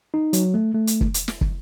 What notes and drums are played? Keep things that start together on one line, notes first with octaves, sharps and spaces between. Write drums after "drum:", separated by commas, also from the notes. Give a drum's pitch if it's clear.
D#4
F#3, drum: hi-hat
A3
A3
drum: hi-hat
drum: kick
drum: hi-hat
drum: snare
drum: kick